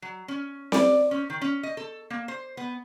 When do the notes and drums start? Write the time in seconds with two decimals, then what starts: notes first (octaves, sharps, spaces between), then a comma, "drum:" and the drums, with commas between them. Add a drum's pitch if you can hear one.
0.02 F#3
0.28 C#4
0.72 D5, drum: snare C4
1.11 C#4
1.30 D#3
1.42 C#4
1.63 D#5
1.77 A4
2.10 A#3
2.28 C5
2.57 B3